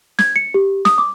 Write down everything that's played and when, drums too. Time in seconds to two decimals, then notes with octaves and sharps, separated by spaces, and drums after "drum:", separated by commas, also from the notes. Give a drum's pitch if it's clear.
0.19 G#6, drum: snare
0.36 C#7
0.54 G4
0.85 D#6, drum: snare
0.98 D6